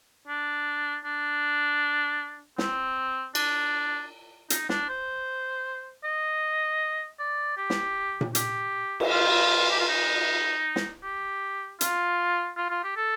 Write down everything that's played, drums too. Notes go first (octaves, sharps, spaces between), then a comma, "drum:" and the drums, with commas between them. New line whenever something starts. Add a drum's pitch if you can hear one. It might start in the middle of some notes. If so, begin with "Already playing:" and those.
D4
D4
C4, drum: snare
D4, drum: cymbal
D#4, drum: hi-hat
D4, drum: snare
C5
D#5
D5
G4
drum: snare
drum: tom A#2
G4, drum: hi-hat
drum: cymbal
F4
G4
F4
D#4
drum: snare
G4
F4, drum: hi-hat
F4
F4
G4
A4